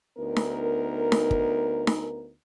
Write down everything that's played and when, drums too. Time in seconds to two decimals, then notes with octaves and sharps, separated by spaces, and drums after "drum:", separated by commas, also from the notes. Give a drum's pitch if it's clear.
0.18 D2 B3 D#4 A#4
0.36 drum: snare D#4
1.12 drum: snare D#4
1.31 drum: kick
1.87 drum: snare D#4